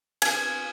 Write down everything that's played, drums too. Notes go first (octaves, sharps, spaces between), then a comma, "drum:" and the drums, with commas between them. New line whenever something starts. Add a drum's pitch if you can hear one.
G#5, drum: cymbal